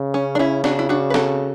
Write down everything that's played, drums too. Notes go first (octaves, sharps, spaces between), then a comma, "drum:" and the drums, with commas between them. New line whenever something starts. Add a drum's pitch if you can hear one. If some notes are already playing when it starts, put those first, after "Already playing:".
Already playing: C#3
C#4
D4
C#4 E4
D4 F#4, drum: snare
E4
D4 F#4
B4
F#4 A4, drum: snare